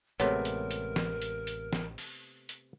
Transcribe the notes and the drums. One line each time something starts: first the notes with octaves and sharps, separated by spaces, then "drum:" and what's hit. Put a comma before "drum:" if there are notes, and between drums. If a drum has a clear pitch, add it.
A1 C3 G#3 A3 B3 A#4 C#5, drum: hi-hat
drum: hi-hat
drum: hi-hat
drum: snare
drum: hi-hat
drum: hi-hat
drum: snare
drum: open hi-hat
drum: hi-hat